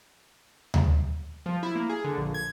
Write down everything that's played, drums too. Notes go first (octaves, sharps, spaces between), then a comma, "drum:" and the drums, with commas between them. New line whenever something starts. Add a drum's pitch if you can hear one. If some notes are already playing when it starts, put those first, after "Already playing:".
drum: tom D2
F3
E4
A#3
G#4
D3
A#1
G#6